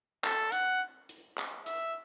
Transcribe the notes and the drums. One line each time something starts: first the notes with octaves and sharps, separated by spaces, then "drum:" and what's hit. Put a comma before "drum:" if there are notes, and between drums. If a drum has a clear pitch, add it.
A4, drum: clap
F#5, drum: hi-hat
drum: hi-hat
drum: clap
E5, drum: hi-hat